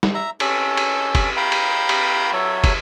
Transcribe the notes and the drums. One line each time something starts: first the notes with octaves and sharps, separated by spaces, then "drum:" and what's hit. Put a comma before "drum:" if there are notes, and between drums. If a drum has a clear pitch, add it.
drum: snare
E5 A#5
C#4 A4, drum: cymbal
drum: cymbal
drum: kick, cymbal
F5 G5 A#5 B5
drum: cymbal
drum: cymbal
F#3 A4 C#5 E5
drum: kick, cymbal